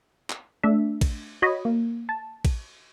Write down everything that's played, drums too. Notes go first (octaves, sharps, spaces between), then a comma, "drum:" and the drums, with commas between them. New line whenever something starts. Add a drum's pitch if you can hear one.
drum: clap
A3 D4 E5
drum: kick, cymbal
F#4 C#5 D#5 B5
A#3
A5
drum: kick, cymbal